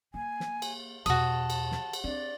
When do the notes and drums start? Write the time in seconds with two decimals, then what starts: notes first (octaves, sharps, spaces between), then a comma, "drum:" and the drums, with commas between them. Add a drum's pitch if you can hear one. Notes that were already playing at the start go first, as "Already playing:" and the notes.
0.14 A#3 G#5
0.40 drum: snare
0.62 drum: cymbal
1.06 E2 B2 F#4 A5 D#6, drum: cymbal
1.50 drum: cymbal
1.72 drum: snare
1.93 drum: cymbal
2.04 C4 D4 D5